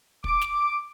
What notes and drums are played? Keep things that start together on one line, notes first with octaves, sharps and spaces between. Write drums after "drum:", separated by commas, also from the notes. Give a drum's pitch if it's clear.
D6, drum: kick
drum: snare